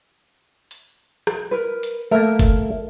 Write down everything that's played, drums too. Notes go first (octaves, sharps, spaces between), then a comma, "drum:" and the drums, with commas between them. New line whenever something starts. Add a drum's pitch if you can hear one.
drum: hi-hat
drum: rim click
A#4 B4
drum: hi-hat
A3 A#3 A#4 E5
drum: kick F#1, hi-hat